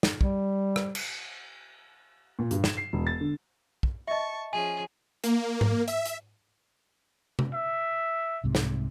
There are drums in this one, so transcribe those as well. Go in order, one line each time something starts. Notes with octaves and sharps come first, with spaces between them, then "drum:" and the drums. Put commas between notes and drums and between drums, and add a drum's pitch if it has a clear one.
drum: snare
G3, drum: kick
drum: rim click
drum: cymbal
A#2
G2, drum: hi-hat
E7, drum: snare
C7
E1
A6
D3
drum: kick
D#5 E5 A5 C#6
F3 C#4 G#4 G#5
A#3, drum: hi-hat
drum: tom G#2
E5, drum: hi-hat
drum: hi-hat
drum: tom C3
E5
C2 G#2 C3
drum: snare